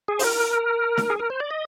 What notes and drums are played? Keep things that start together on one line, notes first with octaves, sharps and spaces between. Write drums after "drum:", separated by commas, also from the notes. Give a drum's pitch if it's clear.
G#4
C5, drum: open hi-hat
A#4
drum: snare
G#4
A#4
C5
D5
D#5